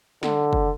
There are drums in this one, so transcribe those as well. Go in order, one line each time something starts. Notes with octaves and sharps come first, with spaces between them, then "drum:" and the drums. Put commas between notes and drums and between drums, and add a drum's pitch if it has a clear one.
D3, drum: snare
drum: kick